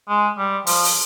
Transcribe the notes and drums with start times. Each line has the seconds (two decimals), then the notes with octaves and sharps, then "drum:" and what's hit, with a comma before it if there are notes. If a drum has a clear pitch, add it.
0.09 G#3
0.38 G3
0.67 F3, drum: open hi-hat
0.85 drum: open hi-hat